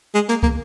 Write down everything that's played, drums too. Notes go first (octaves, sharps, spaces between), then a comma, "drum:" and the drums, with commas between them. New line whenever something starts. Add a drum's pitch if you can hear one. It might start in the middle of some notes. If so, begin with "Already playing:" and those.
G#3
A#3, drum: hi-hat
A#3, drum: kick